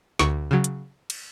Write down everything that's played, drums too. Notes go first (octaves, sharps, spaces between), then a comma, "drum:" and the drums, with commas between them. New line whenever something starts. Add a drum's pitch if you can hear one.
D2 C#6, drum: snare
C#3 F#3
drum: hi-hat
drum: cymbal